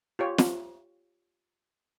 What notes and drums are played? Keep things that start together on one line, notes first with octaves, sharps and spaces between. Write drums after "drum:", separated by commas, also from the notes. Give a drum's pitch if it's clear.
F4 G4 C#5
drum: snare